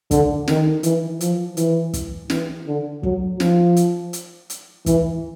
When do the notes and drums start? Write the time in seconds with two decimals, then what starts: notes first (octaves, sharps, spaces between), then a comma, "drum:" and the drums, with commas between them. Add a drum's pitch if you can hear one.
0.11 D3, drum: kick, hi-hat
0.48 D#3, drum: snare
0.83 E3, drum: hi-hat
1.21 F3, drum: hi-hat
1.57 E3, drum: hi-hat
1.94 drum: kick, hi-hat
2.30 E3, drum: snare
2.67 D3
3.03 F#3, drum: kick
3.40 F3, drum: snare
3.76 drum: hi-hat
4.13 drum: hi-hat
4.50 drum: hi-hat
4.86 E3, drum: kick, hi-hat